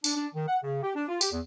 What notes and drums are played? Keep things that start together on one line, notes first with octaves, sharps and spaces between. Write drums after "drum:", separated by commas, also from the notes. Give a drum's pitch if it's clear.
D4, drum: tambourine
D4
D#3
F#5
C#3
G4
D4
F4
G4, drum: tambourine
E2